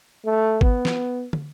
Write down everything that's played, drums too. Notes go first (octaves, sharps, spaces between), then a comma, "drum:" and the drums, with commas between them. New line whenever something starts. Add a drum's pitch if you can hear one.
A3
B3, drum: kick
drum: snare
drum: tom